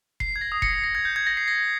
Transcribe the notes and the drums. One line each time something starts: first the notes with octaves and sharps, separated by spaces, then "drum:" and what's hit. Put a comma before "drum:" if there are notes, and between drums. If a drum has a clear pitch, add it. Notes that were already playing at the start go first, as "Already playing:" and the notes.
C7, drum: kick F1
G#6
A#6
D#6
A#6 C#7, drum: kick F1
C7
A#6
G#6
G6
G#6
A#6
C7
A#6